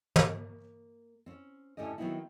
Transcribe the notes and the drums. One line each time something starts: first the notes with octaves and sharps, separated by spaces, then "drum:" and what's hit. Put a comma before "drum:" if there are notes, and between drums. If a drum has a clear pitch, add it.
A#3, drum: tom
C4 C#4
A2 D3 C#4 G4 D#5
D#3 F#3 B3 C4 D#4 E4